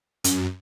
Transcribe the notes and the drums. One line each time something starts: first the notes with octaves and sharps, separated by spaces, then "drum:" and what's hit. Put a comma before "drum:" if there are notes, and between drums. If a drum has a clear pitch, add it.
F#2, drum: hi-hat